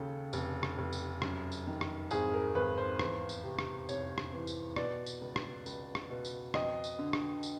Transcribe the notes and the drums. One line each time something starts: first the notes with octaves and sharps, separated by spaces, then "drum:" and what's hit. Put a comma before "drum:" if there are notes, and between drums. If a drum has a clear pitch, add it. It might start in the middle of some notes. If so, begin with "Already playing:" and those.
Already playing: D#2 C#3 A4
F1, drum: tambourine
drum: rim click
F1
drum: tambourine
F#2, drum: rim click
drum: tambourine
D#3
drum: rim click
G#1 G#4, drum: tambourine
A#4
G#1 B4
C5
E2, drum: rim click
drum: tambourine
C3
drum: rim click
F1 C#5, drum: tambourine
drum: rim click
E3
drum: tambourine
B2 D5, drum: rim click
drum: tambourine
C#2
drum: rim click
C#2, drum: tambourine
drum: rim click
B2
drum: tambourine
F2 D#5, drum: rim click
drum: tambourine
D3
drum: rim click
drum: tambourine